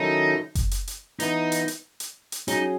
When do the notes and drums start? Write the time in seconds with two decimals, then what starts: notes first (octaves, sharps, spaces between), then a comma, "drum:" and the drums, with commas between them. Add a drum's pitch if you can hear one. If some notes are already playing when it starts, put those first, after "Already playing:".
Already playing: D#3 F#3 C#4 D#4 E4 A4
0.55 drum: kick F#1, hi-hat
0.71 drum: hi-hat
0.87 drum: hi-hat
1.20 E3 B3 D#4 E4, drum: hi-hat
1.52 drum: hi-hat
1.68 drum: hi-hat
2.00 drum: hi-hat
2.32 drum: hi-hat
2.48 F#3 C#4 D#4 G#4, drum: hi-hat